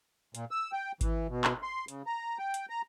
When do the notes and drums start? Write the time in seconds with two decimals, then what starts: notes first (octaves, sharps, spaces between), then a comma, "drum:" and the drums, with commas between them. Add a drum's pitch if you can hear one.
0.35 A#2, drum: hi-hat
0.51 E6
0.72 G5
1.01 E3, drum: kick G#1, hi-hat
1.29 B2
1.44 drum: clap
1.63 C6
1.88 C#3, drum: hi-hat
2.06 A#5
2.38 G5
2.54 drum: hi-hat
2.70 A#5